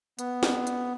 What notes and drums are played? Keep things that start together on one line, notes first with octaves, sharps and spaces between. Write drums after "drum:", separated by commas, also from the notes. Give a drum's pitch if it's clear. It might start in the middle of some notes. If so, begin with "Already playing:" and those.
B3, drum: hi-hat
drum: snare
drum: hi-hat